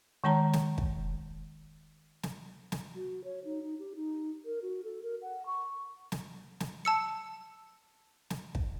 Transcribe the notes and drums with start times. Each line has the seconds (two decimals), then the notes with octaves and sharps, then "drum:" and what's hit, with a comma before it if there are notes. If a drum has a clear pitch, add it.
0.24 D#3 G#3 C#5 A5 A#5
0.53 drum: snare
0.78 drum: kick
2.23 drum: snare
2.72 drum: snare
2.95 F#4
3.24 C#5
3.45 D#4
3.63 D#4
3.79 G4
3.96 D#4
4.45 A#4
4.62 F#4
4.84 A4
5.03 A#4
5.22 F#5
5.46 C#6
6.12 drum: snare
6.60 drum: snare
6.85 A5 E6 C#7
8.30 drum: snare
8.55 drum: kick